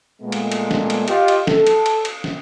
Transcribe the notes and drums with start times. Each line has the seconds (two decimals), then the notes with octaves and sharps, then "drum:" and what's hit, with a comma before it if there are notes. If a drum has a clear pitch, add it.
0.22 A#2 G#3 A3 B3
0.32 drum: cymbal
0.52 drum: cymbal
0.71 drum: snare
0.90 drum: cymbal
1.08 F4 G4 D#5, drum: cymbal
1.28 drum: cymbal
1.47 A4, drum: snare
1.67 drum: cymbal
1.86 drum: cymbal
2.05 drum: cymbal
2.24 drum: snare